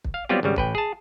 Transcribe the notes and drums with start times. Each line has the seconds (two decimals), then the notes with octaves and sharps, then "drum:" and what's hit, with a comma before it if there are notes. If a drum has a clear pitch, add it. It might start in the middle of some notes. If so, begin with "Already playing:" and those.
0.04 drum: kick
0.14 F5
0.29 F#3 G3 B3 C4 F4 G4
0.43 G#1 C#3 G3
0.56 A1 B4 G5, drum: kick
0.75 G#4 A5